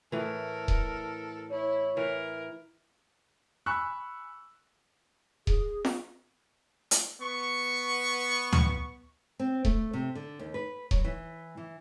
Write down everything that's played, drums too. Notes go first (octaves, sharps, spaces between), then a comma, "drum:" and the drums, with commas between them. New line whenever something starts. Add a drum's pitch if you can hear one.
A2 E3 A4 A#4
drum: kick D#1
E4 C#5
E3 A#4
G#5 B5 C#6 E6 F#6
G#4, drum: kick D#1
drum: snare F4
drum: hi-hat
B3 C#6
drum: tom D2
C4
A3, drum: kick D#1
C3
D3
D#2
B4
F#3, drum: kick D#1
E3
E3